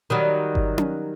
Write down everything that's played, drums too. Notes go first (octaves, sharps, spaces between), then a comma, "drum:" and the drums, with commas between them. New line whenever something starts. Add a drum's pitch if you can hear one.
D#3 F#3 G3
drum: kick G1
drum: tom C#4